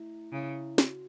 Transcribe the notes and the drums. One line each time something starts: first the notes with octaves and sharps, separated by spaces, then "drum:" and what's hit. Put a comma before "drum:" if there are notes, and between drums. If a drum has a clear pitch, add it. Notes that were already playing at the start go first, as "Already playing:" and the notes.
Already playing: A3 E4
C#3 E4
F#4, drum: snare